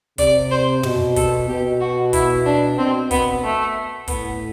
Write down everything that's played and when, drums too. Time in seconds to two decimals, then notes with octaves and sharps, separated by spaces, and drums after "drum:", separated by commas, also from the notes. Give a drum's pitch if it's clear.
0.18 C3 D5, drum: kick, hi-hat
0.51 C5
0.83 B2, drum: tom
1.16 A4, drum: kick, hi-hat
1.48 B2 G4
1.81 F#4
2.13 E4, drum: kick, hi-hat
2.46 D4
2.78 B2 C4
3.11 B3, drum: kick, hi-hat
3.44 A3
4.08 A2 B3, drum: kick, hi-hat